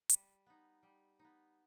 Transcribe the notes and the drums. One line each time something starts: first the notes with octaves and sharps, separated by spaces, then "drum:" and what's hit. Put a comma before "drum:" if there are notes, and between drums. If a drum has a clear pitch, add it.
G3, drum: hi-hat
B3 D#4
G3
B3 D#4